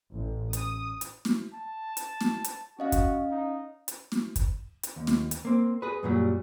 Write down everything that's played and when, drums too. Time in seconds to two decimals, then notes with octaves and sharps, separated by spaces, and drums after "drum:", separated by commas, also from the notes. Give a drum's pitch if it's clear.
0.12 A1
0.53 D#6, drum: hi-hat
1.01 drum: hi-hat
1.25 drum: snare
1.54 A5
1.97 drum: hi-hat
2.21 drum: snare
2.44 drum: hi-hat
2.79 C#4 F#4 D#5 F5
2.92 drum: kick, hi-hat
3.31 D#4
3.88 drum: hi-hat
4.12 drum: snare
4.36 drum: kick, hi-hat
4.83 drum: hi-hat
4.96 D#2
5.07 drum: snare
5.31 drum: hi-hat
5.45 A#3 C4
5.82 G#4 B4
6.03 F#2 A#2 F#3 G3